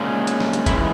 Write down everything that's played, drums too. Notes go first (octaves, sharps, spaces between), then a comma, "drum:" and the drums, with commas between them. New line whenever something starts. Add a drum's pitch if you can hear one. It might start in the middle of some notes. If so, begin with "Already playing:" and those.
Already playing: A#2 G#3 C#4
drum: hi-hat
drum: snare
drum: hi-hat
F#2 E3 G#3 E4, drum: kick, hi-hat